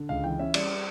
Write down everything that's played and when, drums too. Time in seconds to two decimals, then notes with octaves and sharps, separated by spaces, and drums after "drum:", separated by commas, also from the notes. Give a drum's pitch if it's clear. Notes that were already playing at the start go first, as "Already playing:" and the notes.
Already playing: D3
0.09 C#2 F5
0.24 E3 G5
0.39 C#4 E5
0.54 G3 D5, drum: cymbal